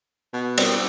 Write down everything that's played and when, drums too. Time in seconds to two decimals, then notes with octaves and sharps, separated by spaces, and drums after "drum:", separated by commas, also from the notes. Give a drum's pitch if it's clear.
0.33 B2
0.58 G3 C4, drum: cymbal